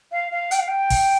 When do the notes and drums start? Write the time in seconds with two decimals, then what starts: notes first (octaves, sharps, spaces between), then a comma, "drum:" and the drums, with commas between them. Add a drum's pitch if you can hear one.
0.11 F5
0.31 F5
0.51 G5, drum: hi-hat
0.59 F5
0.67 G5
0.90 drum: kick, open hi-hat